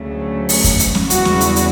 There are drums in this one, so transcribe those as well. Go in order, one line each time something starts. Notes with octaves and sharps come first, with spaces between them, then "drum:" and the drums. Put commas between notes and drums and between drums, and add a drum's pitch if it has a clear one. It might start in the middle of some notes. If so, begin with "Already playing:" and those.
Already playing: D2 C#3 F#3 A3
drum: open hi-hat
drum: kick, hi-hat
drum: hi-hat
drum: snare
E2 C#3 E3 G3 F#4, drum: hi-hat
drum: snare
drum: hi-hat
drum: hi-hat